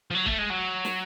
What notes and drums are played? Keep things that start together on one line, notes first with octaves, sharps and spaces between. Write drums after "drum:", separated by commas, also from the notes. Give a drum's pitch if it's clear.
F3
F#3
A3, drum: kick
G#3
F#3
drum: snare